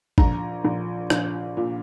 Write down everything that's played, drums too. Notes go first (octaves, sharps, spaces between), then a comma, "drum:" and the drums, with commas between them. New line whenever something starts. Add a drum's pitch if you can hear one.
A#1 A#5, drum: kick
A#1
A#1, drum: rim click
A#2